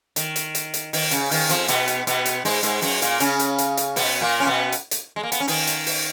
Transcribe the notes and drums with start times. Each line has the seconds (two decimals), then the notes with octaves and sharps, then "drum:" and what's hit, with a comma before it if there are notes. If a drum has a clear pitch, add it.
0.16 D#3, drum: hi-hat
0.36 drum: hi-hat
0.55 drum: hi-hat
0.74 drum: hi-hat
0.93 D#3, drum: open hi-hat
1.11 C#3, drum: hi-hat
1.31 D#3, drum: open hi-hat
1.49 F2 F3, drum: hi-hat
1.68 B2 B3, drum: hi-hat
1.88 drum: hi-hat
2.07 B2 B3, drum: hi-hat
2.25 drum: hi-hat
2.45 G#2 G#3, drum: open hi-hat
2.63 G#2 G#3, drum: hi-hat
2.82 F#2 F#3, drum: open hi-hat
3.02 A#2 A#3, drum: hi-hat
3.20 C#3 C#4, drum: hi-hat
3.39 drum: hi-hat
3.58 drum: hi-hat
3.77 drum: hi-hat
3.96 B2 B3, drum: open hi-hat
4.21 A#2 A#3
4.40 C#4
4.47 B2 B3
4.72 drum: hi-hat
4.91 drum: hi-hat
5.16 G#3
5.23 A#3
5.32 B3, drum: hi-hat
5.40 C#4
5.48 D#3 D#4, drum: open hi-hat
5.67 drum: hi-hat
5.86 drum: open hi-hat